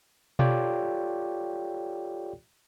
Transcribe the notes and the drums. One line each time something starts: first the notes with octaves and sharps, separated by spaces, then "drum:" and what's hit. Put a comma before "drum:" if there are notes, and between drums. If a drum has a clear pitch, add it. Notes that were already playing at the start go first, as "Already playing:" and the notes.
F4 G4 A4 C#5 D5 G5, drum: tom B2